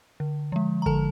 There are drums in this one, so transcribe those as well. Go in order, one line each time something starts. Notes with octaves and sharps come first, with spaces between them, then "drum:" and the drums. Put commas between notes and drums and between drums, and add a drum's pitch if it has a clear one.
D3
F3 G#3
A#5
D3 A4 A5, drum: kick G#1